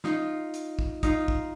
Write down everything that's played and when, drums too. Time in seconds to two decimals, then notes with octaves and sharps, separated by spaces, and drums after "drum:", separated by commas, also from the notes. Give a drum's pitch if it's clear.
0.04 D#4 F4, drum: snare
0.54 drum: hi-hat
0.79 drum: kick
1.03 D#4 F4, drum: kick, hi-hat
1.28 drum: kick